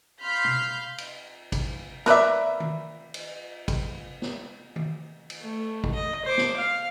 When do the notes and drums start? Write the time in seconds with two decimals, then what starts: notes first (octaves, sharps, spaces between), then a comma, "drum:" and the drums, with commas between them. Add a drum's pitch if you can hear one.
0.22 F5 B5 C6 F6 G6 B6
0.44 drum: tom
0.98 drum: cymbal
1.52 drum: kick, cymbal
2.06 A#4 B4 D5 E5, drum: snare
2.60 drum: tom D#3
3.14 drum: cymbal
3.68 drum: kick, cymbal
4.22 drum: snare
4.76 drum: tom D#3
5.30 drum: cymbal
5.41 A3
5.84 drum: kick
5.94 D#5
6.25 C5 D6
6.38 drum: snare
6.56 F5